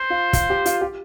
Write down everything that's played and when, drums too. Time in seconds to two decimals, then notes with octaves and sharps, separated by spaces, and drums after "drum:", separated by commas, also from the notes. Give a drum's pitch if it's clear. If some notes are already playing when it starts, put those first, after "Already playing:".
Already playing: C5
0.10 F4
0.33 F4, drum: kick, hi-hat
0.50 G4
0.66 F4, drum: hi-hat
0.81 G4